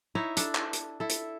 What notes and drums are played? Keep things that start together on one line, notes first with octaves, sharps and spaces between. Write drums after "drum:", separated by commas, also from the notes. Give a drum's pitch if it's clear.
D#4 E4 C#5
D4 A4, drum: hi-hat
drum: clap
drum: hi-hat
E4 A4
drum: hi-hat